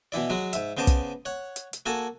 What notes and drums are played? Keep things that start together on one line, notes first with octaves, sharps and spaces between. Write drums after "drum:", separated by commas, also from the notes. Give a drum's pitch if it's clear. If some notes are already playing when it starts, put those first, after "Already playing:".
B2 E3 E4 D5
F#3 G#3 F#4
G#2 E5, drum: hi-hat
C#3 B3 C5 D#5 A5 D6
drum: kick, hi-hat
C#5 F#5
drum: hi-hat
drum: hi-hat
A#3 F#4 A4 G#5 A5